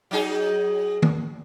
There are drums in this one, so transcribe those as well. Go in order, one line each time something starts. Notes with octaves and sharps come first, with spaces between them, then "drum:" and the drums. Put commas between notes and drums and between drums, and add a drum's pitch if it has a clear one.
F#3 D#4 G#4
drum: tom D#3